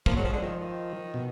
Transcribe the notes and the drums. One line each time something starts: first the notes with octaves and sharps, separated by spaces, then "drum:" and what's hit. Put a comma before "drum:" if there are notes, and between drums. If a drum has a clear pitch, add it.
F3 A#3, drum: kick
F#3
G#3
F3
D3 G#3
D#3 F3
D#3
B2